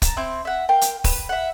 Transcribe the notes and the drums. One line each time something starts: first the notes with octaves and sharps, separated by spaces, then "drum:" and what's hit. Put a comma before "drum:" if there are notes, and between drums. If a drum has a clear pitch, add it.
A5 A#5, drum: kick, hi-hat
C4 E4 G6
E5 F#5
A#4 F5 G5
drum: hi-hat
B4, drum: kick, open hi-hat
E5 F#5